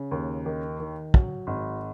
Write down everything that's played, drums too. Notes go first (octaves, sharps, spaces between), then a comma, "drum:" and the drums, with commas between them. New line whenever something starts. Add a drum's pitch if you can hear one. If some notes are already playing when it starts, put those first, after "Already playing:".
Already playing: C#3
D#2
D#3
D#3
F#3, drum: kick
G#1